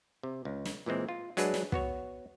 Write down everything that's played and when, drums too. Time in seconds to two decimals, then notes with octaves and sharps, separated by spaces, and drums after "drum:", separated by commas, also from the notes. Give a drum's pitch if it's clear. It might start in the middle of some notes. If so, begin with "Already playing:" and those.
0.23 C3
0.45 C#2
0.65 drum: snare
0.86 A#2 E3 G#3 C4
1.09 F4
1.37 F#3 G#3 D4 G#4 B4, drum: hi-hat
1.54 drum: snare
1.72 B3 F#4 C#5, drum: kick